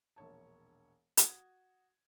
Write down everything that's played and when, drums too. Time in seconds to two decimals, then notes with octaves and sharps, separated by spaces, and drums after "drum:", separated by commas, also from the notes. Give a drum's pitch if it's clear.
0.16 E1 A#1 C#5 A5
1.17 F#4 D#6 G#6 G7, drum: hi-hat